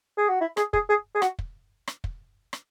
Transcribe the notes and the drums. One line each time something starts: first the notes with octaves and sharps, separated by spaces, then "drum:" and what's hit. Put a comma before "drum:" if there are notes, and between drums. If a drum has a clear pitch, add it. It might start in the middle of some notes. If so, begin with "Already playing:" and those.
G#4
F#4
E4
G#4, drum: rim click
G#4, drum: kick
G#4
G#4
F#4, drum: rim click
drum: kick
drum: rim click
drum: kick
drum: rim click